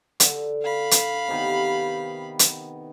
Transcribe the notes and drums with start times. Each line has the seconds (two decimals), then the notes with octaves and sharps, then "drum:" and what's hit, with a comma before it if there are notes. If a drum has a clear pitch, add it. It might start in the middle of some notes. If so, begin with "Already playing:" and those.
0.20 D3, drum: hi-hat
0.62 F5 B5
0.91 drum: hi-hat
1.28 C3 D#3 B3
2.39 drum: hi-hat